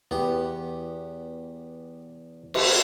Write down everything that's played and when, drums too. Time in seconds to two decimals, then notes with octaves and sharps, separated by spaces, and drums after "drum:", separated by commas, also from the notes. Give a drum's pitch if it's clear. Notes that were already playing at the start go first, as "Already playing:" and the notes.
0.11 E2 B3 G4
2.54 drum: cymbal